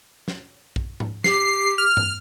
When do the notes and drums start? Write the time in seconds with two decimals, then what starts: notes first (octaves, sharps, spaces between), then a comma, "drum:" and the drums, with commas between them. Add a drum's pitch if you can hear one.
0.28 drum: snare
0.76 drum: kick
1.00 drum: tom G#2
1.24 G4 C7, drum: snare
1.78 F6
1.97 drum: tom G2